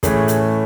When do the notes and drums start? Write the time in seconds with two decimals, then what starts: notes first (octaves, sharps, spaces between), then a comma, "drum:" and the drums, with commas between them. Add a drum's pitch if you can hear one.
0.03 A2 E3 A3 C#4 G#4, drum: kick, hi-hat
0.28 drum: hi-hat